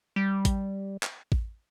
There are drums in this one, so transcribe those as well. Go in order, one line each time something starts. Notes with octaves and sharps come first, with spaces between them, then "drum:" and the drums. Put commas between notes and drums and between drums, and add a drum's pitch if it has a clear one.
G3
drum: kick A1, hi-hat
drum: clap
drum: kick A1